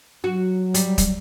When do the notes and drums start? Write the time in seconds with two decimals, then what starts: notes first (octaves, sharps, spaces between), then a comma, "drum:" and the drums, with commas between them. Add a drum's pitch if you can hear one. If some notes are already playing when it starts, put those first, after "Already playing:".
0.24 F#3 F#4
0.74 G3, drum: hi-hat
0.98 drum: kick, hi-hat